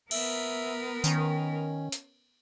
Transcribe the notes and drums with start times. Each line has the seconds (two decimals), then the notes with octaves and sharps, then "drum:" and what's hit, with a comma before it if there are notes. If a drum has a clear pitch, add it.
0.11 B3 A#4 E5, drum: cymbal
1.04 D#3 C#4, drum: tambourine
1.92 drum: hi-hat